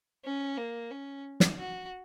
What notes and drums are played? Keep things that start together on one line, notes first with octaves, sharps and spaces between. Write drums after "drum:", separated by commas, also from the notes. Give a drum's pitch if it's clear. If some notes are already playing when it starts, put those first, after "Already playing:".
C#4
A#3
C#4
drum: snare
F#4